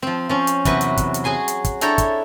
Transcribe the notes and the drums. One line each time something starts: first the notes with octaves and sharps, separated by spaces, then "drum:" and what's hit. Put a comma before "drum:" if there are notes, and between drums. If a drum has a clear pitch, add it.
F3 C4
F3 C#4
drum: hi-hat
E2 C3 F#3 F#4 B4, drum: kick, hi-hat
drum: hi-hat
drum: kick, hi-hat
drum: hi-hat
F#3 G#4 G#5 C6
drum: hi-hat
drum: kick, hi-hat
D4 E4 A4 C#5 G5 A#5, drum: hi-hat
drum: kick, hi-hat